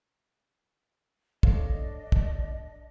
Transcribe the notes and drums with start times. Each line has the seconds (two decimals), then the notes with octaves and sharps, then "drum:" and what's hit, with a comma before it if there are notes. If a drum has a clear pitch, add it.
1.43 D4 A4 C#5 D#5 F5, drum: kick
2.12 drum: kick